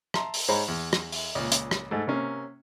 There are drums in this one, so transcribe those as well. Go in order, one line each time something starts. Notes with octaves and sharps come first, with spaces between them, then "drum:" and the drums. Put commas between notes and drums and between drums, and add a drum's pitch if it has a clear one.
E5 A5 A#5 C6, drum: rim click
drum: open hi-hat
G#2 G#3 C5 C#5 A#5 B5
E2
drum: rim click
drum: open hi-hat
C#2 A#2
drum: hi-hat
drum: rim click
G#2 A3
C3 A#3 C#4